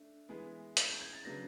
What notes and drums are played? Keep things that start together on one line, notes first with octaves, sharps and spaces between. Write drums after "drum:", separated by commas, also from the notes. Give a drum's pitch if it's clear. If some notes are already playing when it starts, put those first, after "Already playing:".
Already playing: A3 D4
E3 G#3 B3
G#6, drum: hi-hat
G6
G#6
A6
C#3 F#3 B3 D4 A#6